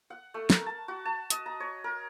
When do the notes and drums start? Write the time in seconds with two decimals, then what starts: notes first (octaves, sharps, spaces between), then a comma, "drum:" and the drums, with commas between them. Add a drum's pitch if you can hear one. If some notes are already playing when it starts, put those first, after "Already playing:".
0.10 F#5
0.34 A3
0.50 A#4, drum: snare
0.66 A5
0.88 F#4
1.05 A5
1.30 D#5, drum: hi-hat
1.46 A#5
1.60 C#5
1.84 A#4